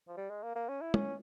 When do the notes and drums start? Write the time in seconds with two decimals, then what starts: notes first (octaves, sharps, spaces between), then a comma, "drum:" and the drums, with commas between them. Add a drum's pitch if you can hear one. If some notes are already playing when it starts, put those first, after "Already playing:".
0.08 F3
0.17 G3
0.30 G#3
0.43 A#3
0.56 A#3
0.69 C#4
0.81 E4
0.94 C#4, drum: tom